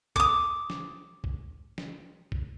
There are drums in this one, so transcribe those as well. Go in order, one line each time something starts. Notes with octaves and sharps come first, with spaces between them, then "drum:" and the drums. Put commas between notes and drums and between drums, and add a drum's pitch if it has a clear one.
D6 D#6, drum: kick B1
drum: snare
drum: kick B1
drum: snare
drum: kick B1